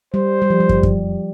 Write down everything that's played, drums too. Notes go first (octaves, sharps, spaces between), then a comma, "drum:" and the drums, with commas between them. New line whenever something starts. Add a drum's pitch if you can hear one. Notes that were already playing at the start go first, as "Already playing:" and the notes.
G3 C5
G3
F3
G3
drum: kick
drum: kick